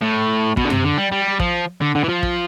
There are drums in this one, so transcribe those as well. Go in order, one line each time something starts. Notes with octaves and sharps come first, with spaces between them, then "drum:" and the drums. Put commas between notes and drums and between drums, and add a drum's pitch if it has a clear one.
A2
B2, drum: kick
D3
C3, drum: tom F#2
D3
G3
G3
F3, drum: kick
D3
D3
E3
F3
drum: kick